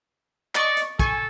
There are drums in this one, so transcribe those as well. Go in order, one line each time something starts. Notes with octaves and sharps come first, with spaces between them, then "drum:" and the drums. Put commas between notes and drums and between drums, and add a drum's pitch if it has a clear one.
D5 D#5 C#6, drum: clap
drum: hi-hat
A4 G#5 C#6, drum: kick